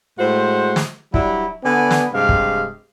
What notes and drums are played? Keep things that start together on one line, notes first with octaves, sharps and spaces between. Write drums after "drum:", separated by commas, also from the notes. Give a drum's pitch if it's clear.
A2 G#3 F#4 C5
drum: snare
F#3 G3 D4 E4, drum: kick
D3 B3 D5 G#5
drum: snare
G2 C3 G#3 G4 F5
drum: kick